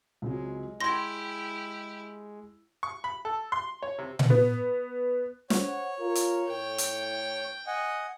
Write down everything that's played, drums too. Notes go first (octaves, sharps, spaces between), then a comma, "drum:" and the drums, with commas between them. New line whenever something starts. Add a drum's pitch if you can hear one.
C#2 C3 F#3 G#3
E4 G4 B5 C6 G6 G#6 A#6
C#6
B5
A4
C6
C#5
C3
drum: tom A#2
B3
C5 C#5 F#5, drum: snare
F4 A#4
drum: hi-hat
A2 G5
drum: hi-hat
D#5 F#5 G#5